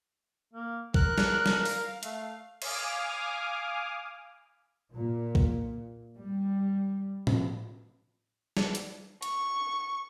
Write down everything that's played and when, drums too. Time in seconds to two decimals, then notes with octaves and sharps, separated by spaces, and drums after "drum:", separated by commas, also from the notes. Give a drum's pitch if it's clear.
0.53 A#3
0.94 A#4 F#6, drum: kick B1
1.18 drum: snare
1.46 drum: snare
1.65 F5, drum: open hi-hat
2.03 A3, drum: hi-hat
2.62 F5 G#5 D6 D#6 F6, drum: cymbal
4.93 A#2
5.35 drum: kick B1
6.18 G3
7.27 drum: tom
8.57 drum: snare
8.75 drum: hi-hat
9.22 C#6, drum: hi-hat